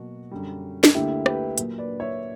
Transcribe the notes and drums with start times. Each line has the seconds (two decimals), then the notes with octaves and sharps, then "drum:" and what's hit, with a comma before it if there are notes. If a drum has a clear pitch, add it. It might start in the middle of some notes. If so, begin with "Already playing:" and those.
Already playing: B2 F#3 A#3 F#4
0.31 F#2 D3 G3
0.84 drum: snare
0.94 D2 D3 A#3 E4 G4
1.26 G4 B4, drum: rim click
1.58 A#2 F#3 A#3, drum: hi-hat
1.78 B4 D5
2.00 C#5 E5